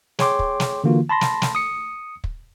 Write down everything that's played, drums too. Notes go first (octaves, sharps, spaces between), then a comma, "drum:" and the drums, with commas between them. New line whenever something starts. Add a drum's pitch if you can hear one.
G#4 C#5 G5 C6 D6, drum: snare
drum: kick
drum: snare
D3 E3 A#3 F4 F#4
A5 B5 C6 A#6
drum: snare
drum: snare
D#6 C#7
drum: kick